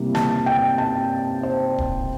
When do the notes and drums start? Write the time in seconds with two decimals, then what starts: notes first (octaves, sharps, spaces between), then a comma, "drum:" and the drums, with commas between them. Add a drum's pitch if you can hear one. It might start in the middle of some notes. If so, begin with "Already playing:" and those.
Already playing: C3 G3 A#3 E4
0.15 A5, drum: snare
0.46 G5
0.78 A5
1.43 C5
1.78 drum: kick D1